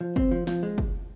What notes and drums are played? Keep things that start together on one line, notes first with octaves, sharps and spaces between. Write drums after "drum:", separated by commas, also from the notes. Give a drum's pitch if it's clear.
F3
C4, drum: kick
F3
F3, drum: snare
G#3
drum: kick